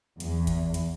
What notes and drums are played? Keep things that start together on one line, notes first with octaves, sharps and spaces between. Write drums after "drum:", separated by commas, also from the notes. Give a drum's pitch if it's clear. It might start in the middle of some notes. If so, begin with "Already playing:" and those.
E2, drum: hi-hat
drum: kick G#1, hi-hat
drum: hi-hat